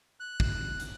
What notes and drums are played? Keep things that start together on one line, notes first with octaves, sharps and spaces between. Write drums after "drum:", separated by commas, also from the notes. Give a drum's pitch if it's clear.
F#6
drum: kick
drum: hi-hat